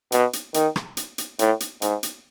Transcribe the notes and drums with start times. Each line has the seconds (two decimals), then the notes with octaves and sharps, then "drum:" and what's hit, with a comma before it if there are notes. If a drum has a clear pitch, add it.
0.12 B2, drum: hi-hat
0.33 drum: hi-hat
0.54 D#3, drum: hi-hat
0.76 drum: rim click
0.97 drum: hi-hat
1.18 drum: hi-hat
1.39 A2, drum: hi-hat
1.60 drum: hi-hat
1.82 G#2, drum: hi-hat
2.03 drum: hi-hat